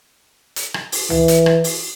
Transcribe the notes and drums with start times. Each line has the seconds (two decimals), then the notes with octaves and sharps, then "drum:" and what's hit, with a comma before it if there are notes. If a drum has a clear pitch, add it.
0.56 drum: hi-hat
0.74 drum: rim click
0.92 drum: open hi-hat
1.10 E3, drum: tom
1.28 drum: hi-hat
1.46 drum: rim click
1.64 drum: open hi-hat